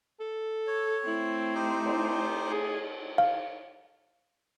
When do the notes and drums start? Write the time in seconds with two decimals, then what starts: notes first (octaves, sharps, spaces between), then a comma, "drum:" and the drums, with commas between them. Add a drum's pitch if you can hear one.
0.20 A4
0.67 C#5
1.07 A3 C4 E4
1.55 D#4 G4 C5
1.86 drum: cymbal
2.48 A3 G#4
3.18 F5